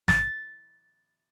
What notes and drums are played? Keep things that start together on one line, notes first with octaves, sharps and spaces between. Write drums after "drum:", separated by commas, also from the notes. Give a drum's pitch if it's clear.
A6, drum: snare